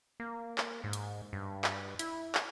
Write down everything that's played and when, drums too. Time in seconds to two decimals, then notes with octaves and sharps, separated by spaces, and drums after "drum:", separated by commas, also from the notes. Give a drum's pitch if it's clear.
0.20 A#3
0.58 drum: clap
0.84 G#2
0.93 drum: hi-hat
1.33 G2
1.64 drum: clap
1.99 E4, drum: hi-hat
2.35 drum: clap